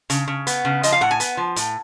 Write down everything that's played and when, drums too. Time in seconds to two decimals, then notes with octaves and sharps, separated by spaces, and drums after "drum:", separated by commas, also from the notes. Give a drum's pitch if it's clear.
0.10 C#3, drum: hi-hat
0.28 C#3
0.47 B3, drum: hi-hat
0.65 C#3
0.83 F3 D#5, drum: hi-hat
0.92 F5
1.01 A2 F#5
1.11 G#5
1.20 B3, drum: hi-hat
1.37 F3
1.56 A2, drum: hi-hat